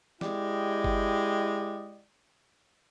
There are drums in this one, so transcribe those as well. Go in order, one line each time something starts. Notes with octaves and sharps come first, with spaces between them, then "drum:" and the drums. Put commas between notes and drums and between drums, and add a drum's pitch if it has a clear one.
G#3 E4 G4 D5 D#5 G5, drum: snare
drum: kick G1